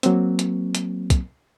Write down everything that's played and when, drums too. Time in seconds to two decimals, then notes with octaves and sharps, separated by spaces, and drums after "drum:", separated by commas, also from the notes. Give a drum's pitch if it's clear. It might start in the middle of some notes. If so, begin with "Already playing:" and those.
0.03 F#3 A#3 C4, drum: hi-hat
0.39 drum: hi-hat
0.75 drum: hi-hat
1.10 drum: kick, hi-hat